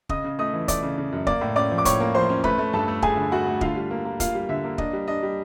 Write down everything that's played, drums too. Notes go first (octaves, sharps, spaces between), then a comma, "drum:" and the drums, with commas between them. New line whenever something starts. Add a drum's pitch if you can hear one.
C#3 D#5 D#6, drum: kick
C#3
A3 D#5 D#6
E3
A3 D5 D6, drum: kick, hi-hat
C#3
C#3
F#2
A#3 D5 D6, drum: kick
A2
C#4 D5 D6
F3
D6
A2 C#5 C#6, drum: kick, hi-hat
A#3
F3 C5 C6
C#4
A3 B4 B5, drum: kick
A3
G2 A4 A5
A3
A3 G#4 G#5, drum: kick
D3
A3 F#4 F#5
A3
D3 F4 F5, drum: kick
G3
A#3
A#3
A#3 F4 F5, drum: kick, hi-hat
G3
D3 E5
A#3
D4 D#5, drum: kick
G3
D4 D#5
G3